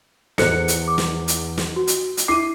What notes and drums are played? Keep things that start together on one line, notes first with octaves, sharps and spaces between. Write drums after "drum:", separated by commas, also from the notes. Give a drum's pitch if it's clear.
E2 A4 C5 F#6 C#7, drum: snare
drum: hi-hat
D6
drum: snare
drum: hi-hat
drum: snare
F#4
drum: hi-hat
drum: hi-hat
E4 D6 C7 D#7